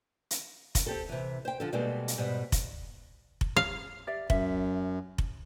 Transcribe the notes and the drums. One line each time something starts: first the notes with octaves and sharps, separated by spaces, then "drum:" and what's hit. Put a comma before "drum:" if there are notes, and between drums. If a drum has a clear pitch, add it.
drum: hi-hat
drum: kick F1, hi-hat
C4 G4 A4
C3 E3
C5 G5
D3 F3 A4
B2 G3 G#3 A#3 C4 A4
drum: hi-hat
G#2 B2 G3
drum: kick F1, hi-hat
drum: kick F1
F5
G4 D5 E5
F#2 E5, drum: kick F1
drum: kick F1